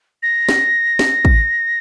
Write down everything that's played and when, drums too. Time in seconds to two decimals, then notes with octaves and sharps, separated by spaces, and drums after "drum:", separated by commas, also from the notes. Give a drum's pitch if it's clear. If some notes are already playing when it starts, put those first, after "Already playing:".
0.23 A#6
0.49 drum: snare
0.99 drum: snare
1.25 drum: kick